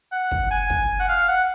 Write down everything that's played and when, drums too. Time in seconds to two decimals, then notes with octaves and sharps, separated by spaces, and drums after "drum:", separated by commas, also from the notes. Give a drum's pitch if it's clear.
0.12 F#5
0.31 drum: kick
0.51 G#5
0.70 drum: kick
1.00 F#5
1.08 F5
1.28 F#5